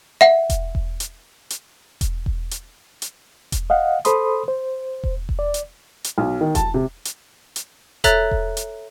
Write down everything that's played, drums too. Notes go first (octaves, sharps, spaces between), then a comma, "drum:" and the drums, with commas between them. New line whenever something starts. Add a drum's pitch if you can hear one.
E5 F#5
drum: kick E1, hi-hat
drum: kick E1
drum: hi-hat
drum: hi-hat
drum: kick E1, hi-hat
drum: kick E1
drum: hi-hat
drum: hi-hat
drum: kick E1, hi-hat
D#5 F5 F#5
A4 C5 B5 C6 D#6, drum: hi-hat
C5
drum: kick E1
drum: kick E1
D5
drum: hi-hat
drum: hi-hat
B1
D#3
A5, drum: kick E1, hi-hat
C3
drum: hi-hat
drum: hi-hat
A4 C#5 E5 A#5 F#6 A6, drum: kick E1, hi-hat
drum: kick E1
drum: hi-hat